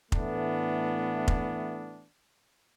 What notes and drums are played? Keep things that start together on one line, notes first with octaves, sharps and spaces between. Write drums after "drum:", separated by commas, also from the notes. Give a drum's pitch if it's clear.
A2 E3 A3 B3 D4, drum: kick F1
drum: kick F1